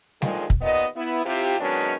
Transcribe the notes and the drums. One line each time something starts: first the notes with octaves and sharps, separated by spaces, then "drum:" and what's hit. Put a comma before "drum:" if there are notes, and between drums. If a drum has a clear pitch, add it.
A#2 D3 D#3 F3 G#3, drum: snare G3
drum: kick
D#2 A#2 B3 D#5
B3 E4
C3 C4 E4 F4 G4
D#3 F#3 G#3 B3 C#4 D4